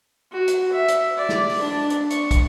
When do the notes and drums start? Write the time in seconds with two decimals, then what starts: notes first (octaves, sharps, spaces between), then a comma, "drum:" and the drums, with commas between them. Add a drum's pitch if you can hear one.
0.32 F#4
0.48 drum: hi-hat
0.72 E5
0.88 drum: hi-hat
1.17 D5
1.29 drum: snare
1.49 drum: open hi-hat
1.62 D4
1.90 drum: hi-hat
2.10 C#6, drum: hi-hat
2.31 drum: kick, hi-hat